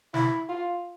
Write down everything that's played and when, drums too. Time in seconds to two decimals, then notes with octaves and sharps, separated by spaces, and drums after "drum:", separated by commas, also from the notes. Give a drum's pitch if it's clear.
0.14 E4, drum: snare
0.49 F4